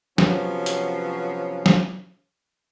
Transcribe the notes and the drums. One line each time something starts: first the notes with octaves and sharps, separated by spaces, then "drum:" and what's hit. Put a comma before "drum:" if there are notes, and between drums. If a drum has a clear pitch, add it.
C3 F3 F#3 B3 C#4, drum: snare
drum: hi-hat
drum: snare